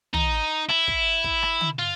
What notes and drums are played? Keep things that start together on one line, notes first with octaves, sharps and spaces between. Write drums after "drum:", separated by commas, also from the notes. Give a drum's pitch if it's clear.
D#4, drum: tom
E4, drum: rim click
drum: kick
drum: kick
drum: rim click
drum: tom
F4